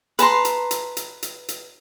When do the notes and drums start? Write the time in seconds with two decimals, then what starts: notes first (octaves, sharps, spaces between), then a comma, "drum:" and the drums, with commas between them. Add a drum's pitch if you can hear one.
0.19 B4 A5 A#5 C6, drum: hi-hat
0.45 drum: hi-hat
0.71 drum: hi-hat
0.97 drum: hi-hat
1.23 drum: hi-hat
1.48 drum: hi-hat